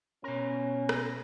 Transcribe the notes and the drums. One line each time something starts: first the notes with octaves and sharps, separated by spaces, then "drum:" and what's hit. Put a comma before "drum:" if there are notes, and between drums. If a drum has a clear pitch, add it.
B2 C#4 A#4
drum: rim click